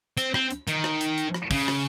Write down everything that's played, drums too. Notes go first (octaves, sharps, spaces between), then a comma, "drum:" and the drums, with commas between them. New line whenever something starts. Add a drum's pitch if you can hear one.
C4, drum: hi-hat
C4, drum: rim click
drum: hi-hat
D#3, drum: hi-hat
drum: rim click
drum: hi-hat
drum: hi-hat
drum: rim click
C#3, drum: kick, open hi-hat
drum: rim click